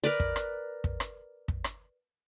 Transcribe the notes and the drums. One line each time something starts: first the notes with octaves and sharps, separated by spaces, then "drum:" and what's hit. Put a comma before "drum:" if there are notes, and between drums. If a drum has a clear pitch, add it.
A#4 B4 D5
drum: kick
drum: rim click
drum: kick
drum: rim click
drum: kick
drum: rim click